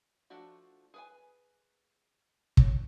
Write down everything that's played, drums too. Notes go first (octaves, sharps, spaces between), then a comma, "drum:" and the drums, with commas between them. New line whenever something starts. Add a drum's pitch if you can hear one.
F3 A3 D4 F#4
G#4 B4 G#5
E3 B3 D4 C#5, drum: kick